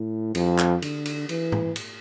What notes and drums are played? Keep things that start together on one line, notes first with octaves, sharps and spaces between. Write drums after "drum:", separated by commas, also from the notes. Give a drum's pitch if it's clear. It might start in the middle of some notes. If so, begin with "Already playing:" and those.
Already playing: A2
F2, drum: cymbal
drum: clap
D3, drum: cymbal
drum: cymbal
E3, drum: cymbal
drum: tom G#2
drum: cymbal